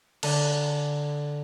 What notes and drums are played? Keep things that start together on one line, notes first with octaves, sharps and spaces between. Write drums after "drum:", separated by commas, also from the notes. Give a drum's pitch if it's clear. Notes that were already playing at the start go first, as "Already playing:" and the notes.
D3, drum: cymbal